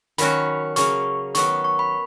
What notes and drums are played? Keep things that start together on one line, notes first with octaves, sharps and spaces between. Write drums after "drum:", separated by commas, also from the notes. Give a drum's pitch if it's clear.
D#3 F#3 C#4 F#4 B5, drum: hi-hat
C#3 F#3 A#3 C#6, drum: hi-hat
D#3 F#3 B3 C#6, drum: hi-hat
C#6
B5